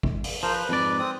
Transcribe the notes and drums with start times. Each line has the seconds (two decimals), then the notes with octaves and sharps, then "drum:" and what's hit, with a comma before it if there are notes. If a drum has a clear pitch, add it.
0.03 drum: kick G#1
0.24 drum: open hi-hat
0.43 F3 A#4 C5
0.54 B4
0.69 F2 G#2 D5
0.99 C4 D#6